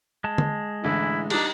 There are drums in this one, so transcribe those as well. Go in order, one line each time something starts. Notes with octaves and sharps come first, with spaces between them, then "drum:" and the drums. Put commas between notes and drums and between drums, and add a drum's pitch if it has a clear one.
G#3 A5
drum: tom D3
A1 D3 E3 E4
G3 D4 D#4, drum: cymbal